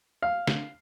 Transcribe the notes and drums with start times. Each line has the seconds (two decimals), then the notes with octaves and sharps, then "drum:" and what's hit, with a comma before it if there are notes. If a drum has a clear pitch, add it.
0.22 F5
0.47 drum: snare